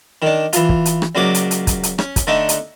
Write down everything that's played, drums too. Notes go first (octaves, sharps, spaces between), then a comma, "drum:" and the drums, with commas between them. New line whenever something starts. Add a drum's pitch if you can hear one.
D#3 D4
E3 F4, drum: hi-hat
drum: kick
drum: hi-hat
drum: rim click
C#2 F#3 A#3 D5 D6
drum: hi-hat
drum: hi-hat
drum: kick, hi-hat
drum: hi-hat
C#4, drum: rim click
drum: kick, hi-hat
D3 A3 D4 D#4
drum: hi-hat